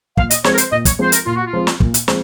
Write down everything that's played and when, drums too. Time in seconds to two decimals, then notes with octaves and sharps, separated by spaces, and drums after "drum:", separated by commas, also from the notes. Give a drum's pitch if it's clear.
0.17 A#2 F5, drum: kick
0.31 D#5, drum: hi-hat
0.44 F3 G#3 C4 C#5, drum: snare
0.54 A#4
0.58 C5, drum: hi-hat
0.71 A#2 D#5
0.85 C#5, drum: kick, hi-hat
0.99 F3 G#3 C4 C5
1.12 A#4, drum: hi-hat
1.26 A#2 F4
1.36 F#4
1.46 F4
1.53 F3 G#3 C4
1.67 drum: snare
1.80 A#2, drum: kick
1.94 drum: hi-hat
2.08 F3 G#3 C4, drum: snare